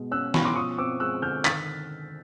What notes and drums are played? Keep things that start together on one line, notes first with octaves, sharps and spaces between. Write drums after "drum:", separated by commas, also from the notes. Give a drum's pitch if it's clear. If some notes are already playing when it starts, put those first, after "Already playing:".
Already playing: B2 G#3
C#4 E6 F#6
B2 B5 C#6, drum: snare
C6 D6
F3 C#6 D#6
C4 D6 E6
G#3 E6 F#6
D3 F6 G6
D#3 A6 B6, drum: clap